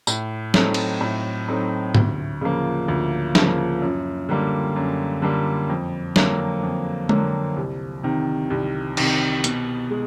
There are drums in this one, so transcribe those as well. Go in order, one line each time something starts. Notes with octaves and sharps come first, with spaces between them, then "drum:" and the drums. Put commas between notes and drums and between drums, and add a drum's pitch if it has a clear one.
A2, drum: tambourine
F#3 A3 C4 D#4, drum: snare F#3
drum: cymbal
A2
F#3 A3 C4 D#4
D2, drum: tom
C#3 F3 A#3
D2
C#3 F3 A#3, drum: snare F#3
F#2
D3 G3 A#3
F#2
D3 G3 A#3
F2
D3 F#3 A#3, drum: snare F#3
F2
D3 F#3 A#3, drum: tom G#3
C2
C3 D#3
C2
C3 D#3, drum: cymbal
B2, drum: hi-hat
G#3